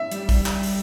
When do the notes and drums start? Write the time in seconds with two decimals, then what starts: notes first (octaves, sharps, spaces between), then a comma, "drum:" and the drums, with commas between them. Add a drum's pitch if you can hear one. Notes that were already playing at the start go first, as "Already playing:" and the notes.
Already playing: E5
0.12 G3, drum: hi-hat
0.29 drum: kick, open hi-hat
0.46 drum: clap
0.63 drum: open hi-hat